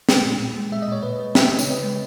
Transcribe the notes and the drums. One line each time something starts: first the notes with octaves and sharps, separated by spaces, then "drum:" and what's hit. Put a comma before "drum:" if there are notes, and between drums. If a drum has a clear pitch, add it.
G#3, drum: snare
A#2
A#2
G#3
G#3 E5
D#5
A#2 C#5
A#2 B4 D#5
G#3
G#3 E5, drum: snare
C#3 D#5
C#5, drum: tambourine
C#3 B4 D#5
G#3